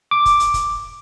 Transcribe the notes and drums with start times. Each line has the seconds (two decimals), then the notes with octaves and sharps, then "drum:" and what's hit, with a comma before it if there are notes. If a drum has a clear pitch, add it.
0.11 D6
0.26 drum: kick, hi-hat
0.40 drum: hi-hat
0.54 drum: kick, hi-hat